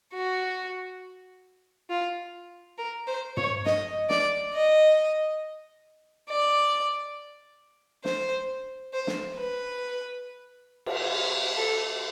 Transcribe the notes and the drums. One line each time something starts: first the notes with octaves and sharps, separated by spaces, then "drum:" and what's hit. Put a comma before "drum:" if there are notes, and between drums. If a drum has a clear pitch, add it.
F#4
F4
A#4
C5
C#5, drum: tom
D#5, drum: snare
D5, drum: snare
D#5
D5
C5, drum: snare
C5
drum: snare
B4
drum: cymbal
A4